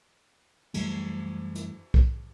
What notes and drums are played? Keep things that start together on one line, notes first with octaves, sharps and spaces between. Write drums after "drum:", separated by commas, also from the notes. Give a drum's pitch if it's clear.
F#2 E3 G3 A3, drum: cymbal
drum: hi-hat
drum: kick